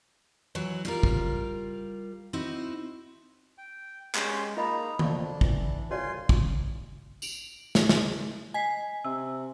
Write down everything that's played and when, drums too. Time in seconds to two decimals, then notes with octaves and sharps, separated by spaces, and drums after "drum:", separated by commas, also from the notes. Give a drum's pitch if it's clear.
0.55 E3 F#3 F#4
0.85 G3 F4 A#4
1.03 drum: kick
2.33 C4 D#4 E4 F#4
3.58 G5
4.15 G#3 C#4 G4 C6, drum: clap
4.57 A#3 D#4 F4 D#5 A#5 B5
4.99 F2 D4, drum: tom D#3
5.41 E3, drum: kick
5.91 C2 F4 F#4 C#5 D5 G#5 C6
6.29 drum: kick
7.22 D7 F7 F#7, drum: tambourine
7.75 drum: snare
7.89 drum: snare
8.54 D#5 G#5 B6 C7
9.05 C3 E6